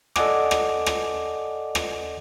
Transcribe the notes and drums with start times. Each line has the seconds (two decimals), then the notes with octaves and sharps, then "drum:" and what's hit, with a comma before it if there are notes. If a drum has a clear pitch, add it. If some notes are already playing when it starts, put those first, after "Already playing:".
0.16 A4 D5 D#5 F#5 G#5 D6, drum: rim click
0.51 drum: rim click
0.86 drum: rim click
1.75 drum: rim click